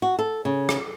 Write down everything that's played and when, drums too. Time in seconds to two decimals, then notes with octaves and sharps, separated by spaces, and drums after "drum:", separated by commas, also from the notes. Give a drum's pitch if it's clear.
0.02 F#4
0.19 A4
0.45 C#3
0.69 drum: rim click